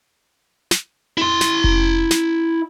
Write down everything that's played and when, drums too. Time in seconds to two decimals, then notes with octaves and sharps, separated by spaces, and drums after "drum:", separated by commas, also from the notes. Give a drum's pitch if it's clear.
0.71 drum: snare
1.18 E4 C6
1.41 drum: snare
1.64 drum: kick F1
2.11 drum: snare